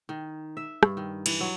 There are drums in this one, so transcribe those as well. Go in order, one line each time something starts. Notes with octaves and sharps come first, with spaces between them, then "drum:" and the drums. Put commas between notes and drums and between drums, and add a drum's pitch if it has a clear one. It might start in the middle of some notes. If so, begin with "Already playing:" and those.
D#3
E5
G2, drum: rim click
D#3
E3, drum: cymbal
F#3